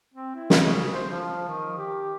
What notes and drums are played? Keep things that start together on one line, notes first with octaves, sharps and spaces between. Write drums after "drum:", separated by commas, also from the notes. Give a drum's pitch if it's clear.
C4
E4
drum: snare
C#3
C5
F3
D#3
G4